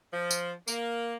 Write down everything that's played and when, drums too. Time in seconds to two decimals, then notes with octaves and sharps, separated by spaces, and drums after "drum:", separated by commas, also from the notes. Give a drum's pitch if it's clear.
0.13 F3
0.31 drum: tambourine
0.68 A#3, drum: tambourine